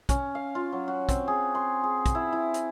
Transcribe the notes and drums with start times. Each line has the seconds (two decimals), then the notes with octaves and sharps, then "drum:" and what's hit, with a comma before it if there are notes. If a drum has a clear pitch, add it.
0.09 C#4, drum: kick, hi-hat
0.35 F5
0.55 F4
0.72 F#3
0.88 F#4
1.09 C4, drum: kick, hi-hat
1.28 G#4
1.55 C6
1.84 G#4
2.06 drum: kick, hi-hat
2.15 E4
2.33 E4
2.54 drum: hi-hat